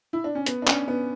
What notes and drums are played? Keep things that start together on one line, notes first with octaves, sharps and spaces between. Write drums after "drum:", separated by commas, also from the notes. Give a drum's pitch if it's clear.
E4
D4
C#4
B3, drum: hi-hat
D4
C#4, drum: clap
B3